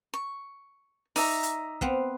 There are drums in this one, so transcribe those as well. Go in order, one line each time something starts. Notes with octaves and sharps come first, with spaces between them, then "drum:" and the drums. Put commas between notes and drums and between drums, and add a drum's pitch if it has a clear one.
C#6
D#4 D5 E5 A#5, drum: open hi-hat
drum: hi-hat
B3 C4 F5, drum: kick